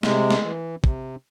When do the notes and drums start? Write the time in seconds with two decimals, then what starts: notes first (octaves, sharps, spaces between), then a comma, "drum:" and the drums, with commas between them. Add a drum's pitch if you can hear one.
0.03 C3 G#3, drum: snare
0.31 drum: snare
0.44 E3
0.84 C3, drum: kick